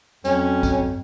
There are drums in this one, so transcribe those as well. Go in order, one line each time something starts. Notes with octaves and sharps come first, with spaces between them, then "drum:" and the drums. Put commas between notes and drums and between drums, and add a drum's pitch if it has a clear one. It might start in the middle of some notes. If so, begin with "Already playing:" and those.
F2 F#3 C#4, drum: tambourine
drum: kick, tambourine